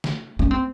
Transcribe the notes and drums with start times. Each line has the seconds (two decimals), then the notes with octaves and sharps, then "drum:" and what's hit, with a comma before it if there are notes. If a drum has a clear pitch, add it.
0.04 drum: snare
0.39 C#4, drum: tom G#3
0.51 C4